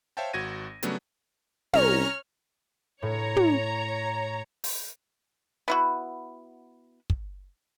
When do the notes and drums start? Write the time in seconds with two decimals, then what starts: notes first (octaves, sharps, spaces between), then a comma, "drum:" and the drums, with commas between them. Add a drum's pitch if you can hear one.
0.17 C5 C#5 E5 F5 G5 A5
0.33 G#1 F#4 G#6 A#6 D#7
0.83 C#3 F#3 G3 A3 B3 D4, drum: hi-hat
1.73 C2 C#4 C#5 A#5 F6, drum: tom
3.02 A2 C#5 A#5
3.37 drum: tom
4.64 drum: open hi-hat
5.68 B3 E4 F#4
7.10 drum: kick